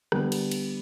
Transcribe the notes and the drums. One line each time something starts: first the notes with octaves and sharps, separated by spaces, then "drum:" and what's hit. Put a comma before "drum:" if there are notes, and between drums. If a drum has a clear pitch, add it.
D3 G3 B3, drum: rim click
drum: cymbal
drum: cymbal